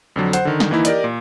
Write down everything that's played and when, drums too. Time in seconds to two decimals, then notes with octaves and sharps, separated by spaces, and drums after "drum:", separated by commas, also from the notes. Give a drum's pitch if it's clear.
0.16 F2 D3 F#3
0.33 C5 F#5, drum: hi-hat
0.45 D3 D#3
0.60 drum: snare
0.71 E3 A#3 D#4 E4
0.85 G4 A#4 D5 D#5, drum: hi-hat
1.04 A#2